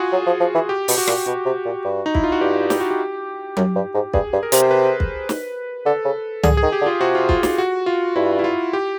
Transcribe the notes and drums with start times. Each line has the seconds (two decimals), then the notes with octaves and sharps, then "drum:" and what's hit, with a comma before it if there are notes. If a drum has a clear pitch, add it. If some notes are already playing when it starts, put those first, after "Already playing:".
Already playing: F4 F#4 G#4
0.12 F#3
0.26 F3
0.40 F3
0.55 E3
0.69 G4
0.88 B2, drum: open hi-hat
0.98 F#4
1.08 A#2, drum: rim click
1.26 B2 F#4
1.46 C3
1.65 A#2
1.84 G2
2.06 D#4
2.15 E4, drum: kick
2.24 F4
2.32 F#4
2.41 G2 G4
2.70 G4, drum: snare
2.80 F#4
2.91 G4
3.57 F#2, drum: tom F#3
3.76 G2
3.94 G#2
4.13 G2 G#4, drum: kick
4.32 G2
4.43 A#4
4.52 C3, drum: hi-hat
4.62 C5
4.71 B4
5.00 drum: kick
5.29 drum: snare
5.86 D3 A4
6.05 C#3
6.43 D3 G#4, drum: tom C#2
6.57 G#4
6.63 D#3
6.72 G4
6.81 D3
6.86 F4
7.00 C3 F#4
7.15 F4
7.29 F4, drum: kick
7.43 F4, drum: snare
7.58 F#4
7.86 F4
8.16 G2 E4
8.39 E4
8.44 F4
8.73 G4